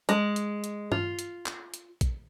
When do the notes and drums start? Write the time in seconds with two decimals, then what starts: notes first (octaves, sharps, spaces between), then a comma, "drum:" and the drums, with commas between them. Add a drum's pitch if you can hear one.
0.09 G#3, drum: hi-hat
0.36 drum: hi-hat
0.64 drum: hi-hat
0.92 F4, drum: tom G2
1.19 drum: hi-hat
1.46 drum: clap
1.74 drum: hi-hat
2.01 drum: kick, hi-hat